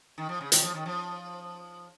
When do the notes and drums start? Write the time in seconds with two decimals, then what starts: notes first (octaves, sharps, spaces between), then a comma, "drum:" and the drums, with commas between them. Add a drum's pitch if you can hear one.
0.18 D#3
0.29 F3
0.41 C#3
0.52 D#3, drum: hi-hat
0.63 F3
0.74 D#3
0.86 F3